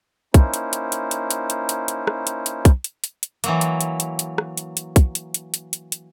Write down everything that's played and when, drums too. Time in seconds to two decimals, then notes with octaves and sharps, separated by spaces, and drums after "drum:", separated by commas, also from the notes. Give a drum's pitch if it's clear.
0.34 A#3 C#4 D#4 E4 C5, drum: kick, hi-hat
0.54 drum: hi-hat
0.73 drum: hi-hat
0.92 drum: hi-hat
1.11 drum: hi-hat
1.30 drum: hi-hat
1.50 drum: hi-hat
1.69 drum: hi-hat
1.88 drum: hi-hat
2.07 drum: rim click
2.27 drum: hi-hat
2.46 drum: hi-hat
2.65 drum: kick, hi-hat
2.84 drum: hi-hat
3.04 drum: hi-hat
3.23 drum: hi-hat
3.44 E3 F#3 A#3, drum: hi-hat
3.61 drum: hi-hat
3.81 drum: hi-hat
4.00 drum: hi-hat
4.19 drum: hi-hat
4.38 drum: rim click
4.57 drum: hi-hat
4.77 drum: hi-hat
4.96 drum: kick, hi-hat
5.15 drum: hi-hat
5.34 drum: hi-hat
5.54 drum: hi-hat
5.73 drum: hi-hat
5.92 drum: hi-hat